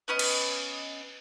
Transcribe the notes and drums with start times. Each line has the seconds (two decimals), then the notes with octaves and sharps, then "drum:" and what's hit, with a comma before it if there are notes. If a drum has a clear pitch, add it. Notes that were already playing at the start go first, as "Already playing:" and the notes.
0.08 B3 C#4 B4 D#5
0.19 drum: cymbal